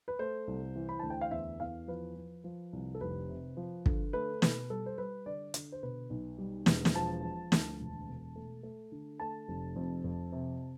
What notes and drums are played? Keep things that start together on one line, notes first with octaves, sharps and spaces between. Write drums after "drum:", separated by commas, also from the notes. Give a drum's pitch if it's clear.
B4
A3 C5
C2
E3
B5
D2 A5
G5
F5
E2 E5
E2 F5
F3 B4
F3
F3
C2
A4
F1 B4
C3
F3
D3, drum: kick
A3 B4
B2 B4, drum: snare
G3 A4
C5
G3 B4
D3 D5
D3, drum: hi-hat
C5
B2 B4
B1
G3
E1, drum: snare
drum: snare
F3 A5
F3
D2, drum: snare
E1
B2
A3
A3
D3
A3 A5
F1
F2
F2
C3